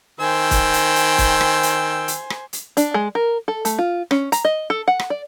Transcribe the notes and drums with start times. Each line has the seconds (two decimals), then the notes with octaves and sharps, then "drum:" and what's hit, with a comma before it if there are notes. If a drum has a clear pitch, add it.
0.20 D#3 C5 G5 G#5 E6
0.51 drum: kick, hi-hat
0.73 drum: hi-hat
0.96 drum: hi-hat
1.18 drum: kick, hi-hat
1.41 drum: rim click
1.63 drum: hi-hat
2.08 drum: hi-hat
2.30 drum: rim click
2.53 drum: hi-hat
2.77 D4, drum: hi-hat
2.94 G#3
3.15 A#4
3.48 A4
3.65 A3, drum: hi-hat
3.78 F4
4.11 C#4, drum: rim click
4.32 A#5, drum: hi-hat
4.45 D#5
4.70 A4
4.88 F#5
4.99 drum: rim click
5.10 D5